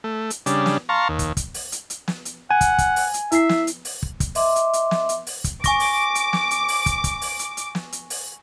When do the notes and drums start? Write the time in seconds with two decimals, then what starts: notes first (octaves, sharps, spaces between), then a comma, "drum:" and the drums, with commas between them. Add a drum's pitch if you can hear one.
0.04 A3
0.30 drum: hi-hat
0.46 C#3 G3 D4, drum: hi-hat
0.66 drum: snare
0.89 F5 A5 A#5 C6 C#6
1.09 D#2
1.19 drum: kick, hi-hat
1.37 drum: kick, hi-hat
1.54 drum: open hi-hat
1.72 drum: hi-hat
1.90 drum: hi-hat
2.08 drum: snare
2.25 drum: hi-hat
2.51 F#5 G#5
2.61 drum: kick, hi-hat
2.78 drum: kick, hi-hat
2.96 drum: open hi-hat
3.14 drum: hi-hat
3.32 E4 E5 C7, drum: hi-hat
3.49 drum: snare
3.67 drum: hi-hat
3.85 drum: open hi-hat
4.03 drum: kick
4.20 drum: kick, hi-hat
4.35 D#5 E5 C6 D6, drum: open hi-hat
4.56 drum: hi-hat
4.73 drum: hi-hat
4.91 drum: snare
5.09 drum: hi-hat
5.27 drum: open hi-hat
5.44 drum: kick, hi-hat
5.64 G#5 C#6 D6 A#6, drum: kick, hi-hat
5.80 drum: open hi-hat
6.15 drum: hi-hat
6.33 drum: snare
6.51 drum: hi-hat
6.68 drum: open hi-hat
6.86 drum: kick, hi-hat
7.04 drum: kick, hi-hat
7.22 drum: open hi-hat
7.39 drum: hi-hat
7.57 drum: hi-hat
7.75 drum: snare
7.92 drum: hi-hat
8.10 drum: open hi-hat